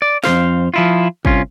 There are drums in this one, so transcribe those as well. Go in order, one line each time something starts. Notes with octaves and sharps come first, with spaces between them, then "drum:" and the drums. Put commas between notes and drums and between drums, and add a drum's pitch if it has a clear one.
D5
F2 D#3 C5 F5, drum: snare
F3 E4 F4
C2 C#4 F4, drum: kick